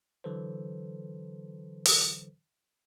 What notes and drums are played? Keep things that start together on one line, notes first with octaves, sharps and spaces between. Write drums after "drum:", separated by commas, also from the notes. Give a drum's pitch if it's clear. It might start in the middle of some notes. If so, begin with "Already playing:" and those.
D3 E3 F#3 A4 B4 C5
drum: open hi-hat